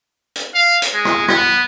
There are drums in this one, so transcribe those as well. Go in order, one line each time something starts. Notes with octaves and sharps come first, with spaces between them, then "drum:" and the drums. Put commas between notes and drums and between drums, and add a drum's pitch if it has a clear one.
drum: hi-hat
F5
drum: hi-hat
G#3
drum: rim click
B3, drum: rim click